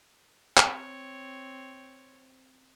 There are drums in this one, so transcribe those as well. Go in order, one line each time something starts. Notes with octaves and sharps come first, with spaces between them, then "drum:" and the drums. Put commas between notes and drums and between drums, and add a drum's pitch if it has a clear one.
C4 C#5, drum: clap